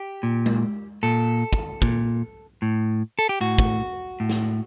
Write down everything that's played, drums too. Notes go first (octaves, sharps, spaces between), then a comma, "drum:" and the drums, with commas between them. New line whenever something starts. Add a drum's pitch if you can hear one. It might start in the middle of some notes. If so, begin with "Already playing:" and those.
Already playing: G4
A#2
drum: tom G#3
A#2 A4
drum: kick
A#2, drum: kick
A2
A4
G4
A2 F#4
drum: kick
A2
drum: snare